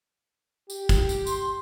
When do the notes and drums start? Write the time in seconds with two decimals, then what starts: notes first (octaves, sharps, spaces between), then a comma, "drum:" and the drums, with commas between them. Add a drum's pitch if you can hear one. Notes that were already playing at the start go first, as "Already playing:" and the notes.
0.70 G4, drum: tambourine
0.89 drum: kick, tambourine
1.09 drum: tambourine
1.27 C6, drum: tambourine